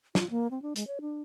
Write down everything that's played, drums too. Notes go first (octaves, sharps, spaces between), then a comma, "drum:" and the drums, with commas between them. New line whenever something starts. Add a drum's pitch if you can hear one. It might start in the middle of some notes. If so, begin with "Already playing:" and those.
F4, drum: snare
A#3
C4
D4
G#3, drum: hi-hat
C#5
D4